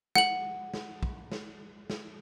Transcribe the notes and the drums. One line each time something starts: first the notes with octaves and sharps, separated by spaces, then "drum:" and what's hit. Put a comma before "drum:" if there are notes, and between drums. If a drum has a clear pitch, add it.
F#5 F#7, drum: snare
drum: snare
drum: kick
drum: snare
drum: snare